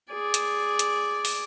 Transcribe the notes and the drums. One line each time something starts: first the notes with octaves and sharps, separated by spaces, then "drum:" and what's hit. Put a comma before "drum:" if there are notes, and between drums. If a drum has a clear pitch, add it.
G#4 D5
drum: hi-hat
drum: hi-hat
drum: open hi-hat